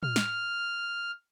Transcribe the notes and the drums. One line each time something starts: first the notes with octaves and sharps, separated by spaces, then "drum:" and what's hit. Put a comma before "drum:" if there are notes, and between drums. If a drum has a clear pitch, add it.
F6, drum: tom
drum: snare